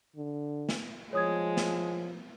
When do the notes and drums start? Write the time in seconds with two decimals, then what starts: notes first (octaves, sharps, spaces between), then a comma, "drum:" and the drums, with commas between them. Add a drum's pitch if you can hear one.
0.16 D3
0.69 drum: snare
1.13 F3 G#3 C#5 D#6 G#6
1.57 drum: snare